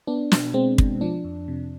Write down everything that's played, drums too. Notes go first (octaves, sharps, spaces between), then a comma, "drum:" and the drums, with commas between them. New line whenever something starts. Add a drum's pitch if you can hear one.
B3 D4
B2, drum: snare
G#3 C4
B2, drum: kick
F3 D4
F2
C3